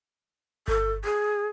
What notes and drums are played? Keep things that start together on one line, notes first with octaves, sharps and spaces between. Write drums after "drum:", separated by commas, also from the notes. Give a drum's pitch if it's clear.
A4, drum: kick G1
G#4